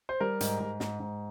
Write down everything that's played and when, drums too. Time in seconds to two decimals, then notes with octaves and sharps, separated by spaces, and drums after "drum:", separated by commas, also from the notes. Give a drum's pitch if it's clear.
0.09 C5
0.20 G3 A#4
0.40 G#2, drum: hi-hat
0.60 G#2
0.80 G#2, drum: snare
1.00 G#2